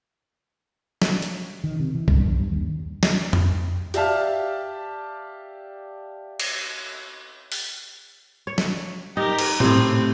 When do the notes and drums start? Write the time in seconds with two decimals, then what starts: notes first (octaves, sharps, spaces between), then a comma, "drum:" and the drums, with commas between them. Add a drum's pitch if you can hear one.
1.02 drum: snare
1.22 drum: hi-hat
1.64 D#3
1.80 C3
1.95 E3
2.08 G2, drum: kick B1
2.25 E2
2.39 G2
2.52 D#2
3.03 drum: snare
3.33 drum: tom F2
3.94 G4 D5 E5 F5 A5 F6, drum: hi-hat
6.40 drum: cymbal
7.52 drum: open hi-hat
8.47 C#5
8.58 drum: snare
9.17 D#4 G4 A#4
9.39 drum: cymbal
9.60 A2 C3 C4, drum: tom A#2